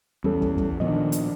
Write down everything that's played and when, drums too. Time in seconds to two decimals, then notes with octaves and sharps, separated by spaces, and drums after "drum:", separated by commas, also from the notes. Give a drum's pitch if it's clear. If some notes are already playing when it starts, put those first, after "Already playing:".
0.24 E2 G3 C#4 A4
0.42 drum: kick
0.58 drum: kick
0.80 A#2 D#3 F3 B3 D4 D#5
1.12 drum: hi-hat